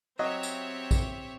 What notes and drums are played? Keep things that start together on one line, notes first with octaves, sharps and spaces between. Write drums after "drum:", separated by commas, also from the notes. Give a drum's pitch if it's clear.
F#3 C4 G4 C#5 D#5 E5
drum: tambourine
drum: kick A#1, tambourine